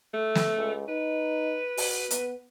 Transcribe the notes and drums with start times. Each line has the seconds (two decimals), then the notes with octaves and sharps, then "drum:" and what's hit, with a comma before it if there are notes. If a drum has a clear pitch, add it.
0.14 A3
0.35 drum: snare
0.56 C#2
0.88 D#4 B4
1.77 F#4, drum: open hi-hat
2.11 B3, drum: hi-hat